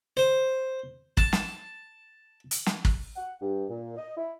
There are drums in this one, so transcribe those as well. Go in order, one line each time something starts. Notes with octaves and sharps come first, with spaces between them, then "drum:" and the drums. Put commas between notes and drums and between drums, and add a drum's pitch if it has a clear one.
C5
A5, drum: kick
drum: snare
drum: hi-hat
drum: snare
drum: kick
F#5
G2
A#2
D#5
E4